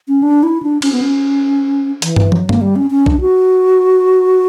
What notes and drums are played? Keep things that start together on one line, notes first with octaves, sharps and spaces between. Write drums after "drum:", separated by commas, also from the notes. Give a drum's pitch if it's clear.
C#4
D4
E4
D4
C#4, drum: cymbal
B3
C#4
E3, drum: hi-hat
drum: tom
F#3, drum: tom
A#3, drum: tom G2
G3
C#4
C#4
D4, drum: kick B1
F#4